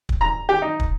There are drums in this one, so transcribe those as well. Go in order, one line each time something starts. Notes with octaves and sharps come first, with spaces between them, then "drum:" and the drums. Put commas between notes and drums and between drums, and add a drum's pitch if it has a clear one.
drum: kick
A#5
G4
D#4
drum: kick